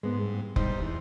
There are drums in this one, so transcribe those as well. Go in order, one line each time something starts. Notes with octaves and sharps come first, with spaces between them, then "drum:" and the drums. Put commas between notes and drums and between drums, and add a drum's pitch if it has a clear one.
G#2 G#3 B3
G2
G3 D#4 C5, drum: kick F1
E2